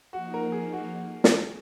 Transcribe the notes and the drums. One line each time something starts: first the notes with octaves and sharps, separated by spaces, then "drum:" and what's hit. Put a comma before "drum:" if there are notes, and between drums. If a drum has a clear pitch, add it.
F3 A#3 D#4 F#4
A#4
G#4
F#4
drum: snare